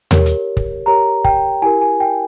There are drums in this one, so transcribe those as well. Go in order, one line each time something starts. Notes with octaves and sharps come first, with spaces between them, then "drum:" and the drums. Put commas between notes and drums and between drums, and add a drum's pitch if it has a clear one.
G4 A#4 C#5, drum: tom D#2
drum: hi-hat
drum: kick
G4 A#4 C#5 A#5
G5, drum: kick
E4 G4 A#4 G#5
G#5
G5